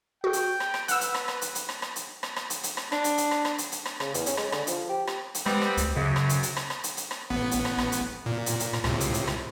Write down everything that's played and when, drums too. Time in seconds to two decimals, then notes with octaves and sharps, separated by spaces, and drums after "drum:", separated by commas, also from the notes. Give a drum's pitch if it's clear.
0.24 F#4 G#4 G5
0.33 drum: hi-hat
0.60 drum: rim click
0.74 drum: rim click
0.88 B4 F#5 E6, drum: hi-hat
1.01 drum: hi-hat
1.14 drum: rim click
1.28 drum: rim click
1.42 drum: hi-hat
1.55 drum: hi-hat
1.69 drum: rim click
1.82 drum: rim click
1.96 drum: hi-hat
2.23 drum: rim click
2.36 drum: rim click
2.50 drum: hi-hat
2.63 drum: hi-hat
2.77 drum: rim click
2.92 D4, drum: rim click
3.04 drum: hi-hat
3.18 drum: hi-hat
3.31 drum: rim click
3.45 drum: rim click
3.58 drum: hi-hat
3.72 drum: hi-hat
3.85 drum: rim click
4.00 C#3, drum: rim click
4.14 E2, drum: hi-hat
4.26 C#4, drum: hi-hat
4.37 G#3, drum: rim click
4.52 D3, drum: rim click
4.67 F3, drum: hi-hat
4.89 G4
5.07 drum: rim click
5.35 drum: hi-hat
5.46 G3 G#3 B3 C4, drum: rim click
5.62 drum: rim click
5.77 D2, drum: hi-hat
5.96 F#2 C#3
6.16 drum: rim click
6.29 drum: hi-hat
6.43 drum: hi-hat
6.56 drum: rim click
6.70 drum: rim click
6.84 drum: hi-hat
6.97 drum: hi-hat
7.11 drum: rim click
7.30 A1 B3
7.51 drum: hi-hat
7.65 drum: rim click
7.78 drum: rim click
7.92 drum: hi-hat
8.26 A#2
8.46 drum: hi-hat
8.60 drum: hi-hat
8.73 drum: rim click
8.84 C#2 A2 C3, drum: rim click
9.00 drum: hi-hat
9.14 drum: hi-hat
9.28 drum: rim click